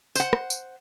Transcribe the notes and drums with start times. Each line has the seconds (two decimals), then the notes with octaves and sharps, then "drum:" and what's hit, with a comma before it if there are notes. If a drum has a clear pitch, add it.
0.15 C5 F#5, drum: tambourine
0.33 drum: rim click
0.50 drum: tambourine